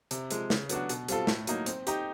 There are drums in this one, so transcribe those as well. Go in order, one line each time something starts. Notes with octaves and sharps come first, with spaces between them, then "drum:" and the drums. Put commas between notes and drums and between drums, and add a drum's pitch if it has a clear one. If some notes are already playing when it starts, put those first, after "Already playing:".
C3, drum: hi-hat
F3 G#3, drum: hi-hat
C#3, drum: snare
F#3 B3 D4 F#4, drum: hi-hat
B2, drum: hi-hat
G3 C4 F4 A4, drum: hi-hat
A2, drum: snare
F#3 A#3 D#4, drum: hi-hat
C4, drum: hi-hat
D#4 G4, drum: hi-hat